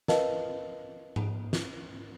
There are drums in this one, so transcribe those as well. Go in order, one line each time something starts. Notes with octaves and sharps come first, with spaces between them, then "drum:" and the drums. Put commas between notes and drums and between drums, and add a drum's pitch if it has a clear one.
A#4 B4 D#5 F5 A5, drum: snare
drum: tom G#2
drum: snare